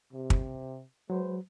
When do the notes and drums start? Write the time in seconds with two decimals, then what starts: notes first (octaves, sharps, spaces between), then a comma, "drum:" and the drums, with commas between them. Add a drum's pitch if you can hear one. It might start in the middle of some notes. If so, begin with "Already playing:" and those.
0.12 C3
0.30 drum: kick
1.10 F#3 G#3 B4 C5